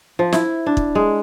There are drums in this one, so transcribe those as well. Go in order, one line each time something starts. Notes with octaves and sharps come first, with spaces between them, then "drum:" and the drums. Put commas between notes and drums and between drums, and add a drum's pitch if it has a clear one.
F3
E4, drum: snare
D4
drum: kick
G#3